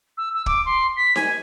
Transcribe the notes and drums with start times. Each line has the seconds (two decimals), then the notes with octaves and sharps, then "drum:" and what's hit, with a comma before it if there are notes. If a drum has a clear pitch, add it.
0.17 E6
0.34 E6
0.46 D6, drum: kick
0.65 C6
0.96 B6
1.16 G#5, drum: snare D#4